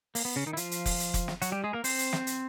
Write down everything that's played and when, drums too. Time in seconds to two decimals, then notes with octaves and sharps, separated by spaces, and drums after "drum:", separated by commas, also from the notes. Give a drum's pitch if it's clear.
0.15 A#3, drum: open hi-hat
0.25 B3
0.36 C#3 C#4
0.46 D#3 D#4
0.53 E4
0.57 F3 F4, drum: hi-hat
0.71 drum: hi-hat
0.86 drum: kick F1, open hi-hat
1.00 drum: hi-hat
1.14 drum: kick F1, hi-hat
1.28 drum: snare
1.42 F#3 F#4, drum: hi-hat
1.52 G3 G4
1.64 G#3 G#4
1.73 A#3 A#4
1.84 C4 C5, drum: open hi-hat
1.99 drum: hi-hat
2.13 drum: snare
2.27 drum: hi-hat